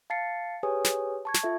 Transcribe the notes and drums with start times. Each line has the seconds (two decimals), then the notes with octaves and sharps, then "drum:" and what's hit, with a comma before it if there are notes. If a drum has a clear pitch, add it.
0.10 F5 A5 A6 C7 C#7
0.63 G4 G#4 B4 C#5 G#5 D#6
0.84 drum: snare
1.25 A5 C#6 G#6
1.34 drum: snare
1.43 F4 A4 E5